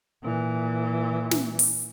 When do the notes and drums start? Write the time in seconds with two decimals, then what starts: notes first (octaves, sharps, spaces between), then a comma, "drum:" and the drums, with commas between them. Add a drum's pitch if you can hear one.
0.23 A#2 E3
1.31 drum: snare
1.59 drum: open hi-hat